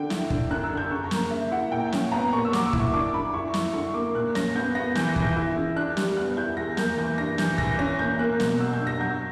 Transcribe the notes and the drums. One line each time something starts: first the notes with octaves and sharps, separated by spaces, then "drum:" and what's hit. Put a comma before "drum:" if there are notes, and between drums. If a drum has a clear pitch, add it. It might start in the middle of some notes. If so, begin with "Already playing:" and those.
Already playing: D3 G5
E4, drum: snare
D3, drum: kick
F#2 F#6
E6
D3
G6
C#3 C#6
A#5
A#3, drum: snare
C#3 E5
E4 F#5
A#2 G5
C#4, drum: snare
B3 A#5
A#2 C#6
E6
F#3 D6, drum: snare
C#6
E4, drum: kick
C#6
D4 D6
F#2 B5
E4 C#6
E4 C#6, drum: snare
D3 C#6
A#3 D6
A#2 F#6
C#4 A#6, drum: snare
B3 G6
B3 A#6
E3 G6, drum: snare
A#6
E3, drum: kick
G6
E4
C#3
D4 F#6
G3, drum: snare
B3 F#6
E4 G6
E2 A#6
A#3 G6, drum: snare
E3 G6
G2 A#6
E3 G6, drum: snare
E3 A#6, drum: kick
C#4 A#6
A#2 G6
A#3 F#6
B2, drum: snare
F#3 E6
G6
G2
A#6
F#3 G6